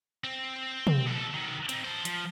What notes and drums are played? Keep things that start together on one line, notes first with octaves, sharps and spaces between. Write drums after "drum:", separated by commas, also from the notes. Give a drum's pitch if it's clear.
C4
drum: tom
B2 A4
D#3 F#3
C4 D#4, drum: hi-hat
A4 C5
F3, drum: hi-hat